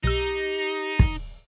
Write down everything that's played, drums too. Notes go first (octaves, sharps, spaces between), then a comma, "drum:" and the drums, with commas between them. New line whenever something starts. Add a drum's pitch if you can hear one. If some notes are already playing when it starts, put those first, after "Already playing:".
B1 D#4 G4 E6
drum: kick